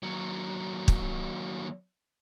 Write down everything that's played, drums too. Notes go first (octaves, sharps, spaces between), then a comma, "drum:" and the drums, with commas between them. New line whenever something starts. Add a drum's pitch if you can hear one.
D#2 F#3
drum: kick